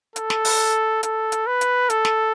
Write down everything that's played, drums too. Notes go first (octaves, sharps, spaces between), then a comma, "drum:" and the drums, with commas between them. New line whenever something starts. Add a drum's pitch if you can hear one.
A4, drum: hi-hat
drum: snare
drum: open hi-hat
A4, drum: hi-hat
drum: hi-hat
B4
drum: hi-hat
A4, drum: hi-hat
drum: snare